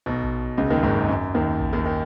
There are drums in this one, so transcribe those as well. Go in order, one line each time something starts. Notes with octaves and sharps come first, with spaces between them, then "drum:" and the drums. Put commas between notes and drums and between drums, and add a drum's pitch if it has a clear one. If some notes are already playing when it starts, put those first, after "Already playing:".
B1 B2
drum: kick A#1
C#2 C#3
D#2 D#3
G#1 G#2
F#2
F#2
D#2 D#3
drum: kick A#1
D#2 D#3
D#3